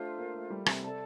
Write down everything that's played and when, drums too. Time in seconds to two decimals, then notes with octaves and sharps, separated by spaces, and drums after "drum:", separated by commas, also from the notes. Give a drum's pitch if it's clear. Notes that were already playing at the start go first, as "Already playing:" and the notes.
Already playing: A3 D4 F4 C5
0.18 A#3
0.34 A3
0.50 G3
0.66 C3, drum: rim click
0.83 C3 A4 D5 A5